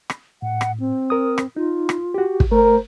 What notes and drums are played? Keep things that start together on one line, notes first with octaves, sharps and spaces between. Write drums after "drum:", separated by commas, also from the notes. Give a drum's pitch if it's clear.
drum: rim click
A2 F#5
drum: rim click
C4
A#4 D#6
drum: rim click
D#4 F4
drum: rim click
F#4 G4
drum: kick
A3 A#4 C5